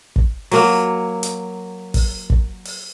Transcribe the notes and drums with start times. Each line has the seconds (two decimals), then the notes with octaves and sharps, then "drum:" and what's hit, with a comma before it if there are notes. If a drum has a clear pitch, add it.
0.16 drum: kick
0.51 F#3 A#3, drum: open hi-hat
1.23 drum: hi-hat
1.94 drum: kick, open hi-hat
2.30 drum: kick
2.65 drum: open hi-hat